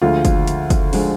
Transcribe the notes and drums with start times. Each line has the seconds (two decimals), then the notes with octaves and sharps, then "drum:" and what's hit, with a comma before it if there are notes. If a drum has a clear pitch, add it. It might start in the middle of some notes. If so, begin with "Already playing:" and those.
0.02 D2 D3 F3 G#3 F4
0.25 drum: kick, hi-hat
0.48 drum: hi-hat
0.70 drum: kick, hi-hat
0.93 D3 F3 G#3, drum: open hi-hat